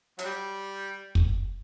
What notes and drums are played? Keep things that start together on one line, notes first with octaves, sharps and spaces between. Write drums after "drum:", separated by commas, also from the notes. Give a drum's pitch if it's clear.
F#3, drum: hi-hat
G3
drum: kick